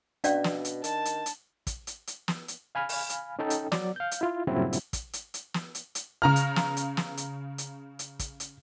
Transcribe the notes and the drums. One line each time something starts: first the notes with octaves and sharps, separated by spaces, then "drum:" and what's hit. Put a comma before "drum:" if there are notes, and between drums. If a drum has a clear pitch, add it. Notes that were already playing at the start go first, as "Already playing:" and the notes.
B2 C#4 D4 D5 F5, drum: hi-hat
drum: snare
drum: hi-hat
D#3 A5, drum: hi-hat
drum: hi-hat
drum: hi-hat
drum: kick, hi-hat
drum: hi-hat
drum: hi-hat
drum: snare
drum: hi-hat
F5 G#5 B5 F6
drum: open hi-hat
drum: hi-hat
C#4 D#4 A4 G5
drum: hi-hat
F#3 D5, drum: snare
F5 G6
drum: hi-hat
E4 F4
G2 A#2 C#3 F#3 C4 E4
drum: hi-hat
drum: kick, hi-hat
drum: hi-hat
drum: hi-hat
drum: snare
drum: hi-hat
drum: hi-hat
C#3 A#5 F6
drum: hi-hat
drum: snare
drum: hi-hat
drum: snare
drum: hi-hat
drum: hi-hat
drum: hi-hat
drum: kick, hi-hat
drum: hi-hat